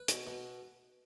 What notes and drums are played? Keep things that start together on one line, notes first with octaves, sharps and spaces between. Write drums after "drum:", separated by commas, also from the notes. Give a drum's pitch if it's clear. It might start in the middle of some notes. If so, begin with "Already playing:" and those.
Already playing: B4
B2, drum: hi-hat
B2